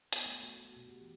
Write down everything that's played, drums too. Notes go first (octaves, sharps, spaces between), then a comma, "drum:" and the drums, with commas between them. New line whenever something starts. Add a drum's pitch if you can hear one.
B3, drum: hi-hat
A3
F#4
F#4
B2
G4
E3